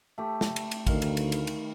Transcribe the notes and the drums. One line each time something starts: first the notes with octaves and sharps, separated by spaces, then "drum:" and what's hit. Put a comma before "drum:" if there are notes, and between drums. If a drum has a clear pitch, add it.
A3 G4
drum: snare
drum: cymbal
drum: cymbal
D2 D#3 F5, drum: kick, cymbal
drum: cymbal
drum: cymbal
drum: cymbal
drum: cymbal